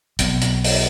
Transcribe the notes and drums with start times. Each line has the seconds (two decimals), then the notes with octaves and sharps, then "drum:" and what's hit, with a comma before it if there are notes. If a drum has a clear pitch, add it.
0.19 B1, drum: hi-hat
0.42 drum: hi-hat
0.64 drum: open hi-hat